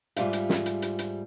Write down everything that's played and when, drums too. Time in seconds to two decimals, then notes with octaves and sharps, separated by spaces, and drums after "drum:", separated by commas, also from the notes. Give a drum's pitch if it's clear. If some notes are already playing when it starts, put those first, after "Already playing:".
0.16 G#2 G3 F4 E5 F5, drum: hi-hat
0.33 drum: hi-hat
0.49 drum: snare
0.66 drum: hi-hat
0.82 drum: hi-hat
0.99 drum: hi-hat